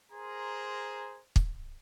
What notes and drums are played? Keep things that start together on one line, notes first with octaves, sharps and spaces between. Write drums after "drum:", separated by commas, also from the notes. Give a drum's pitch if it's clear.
G#4 A#4 C5 A#5 C6
drum: kick